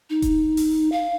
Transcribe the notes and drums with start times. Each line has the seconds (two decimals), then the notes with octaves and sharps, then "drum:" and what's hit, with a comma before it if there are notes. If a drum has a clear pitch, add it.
0.10 D#4
0.22 drum: kick E1, hi-hat
0.57 drum: open hi-hat
0.92 F5